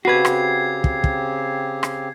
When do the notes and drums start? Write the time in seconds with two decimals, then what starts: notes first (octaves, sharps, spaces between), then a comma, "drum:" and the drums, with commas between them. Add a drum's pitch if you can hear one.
0.05 C#3 C4 F#4 G4 B4 G#6 C7
0.25 drum: rim click
0.84 drum: kick
1.04 drum: kick
1.83 drum: rim click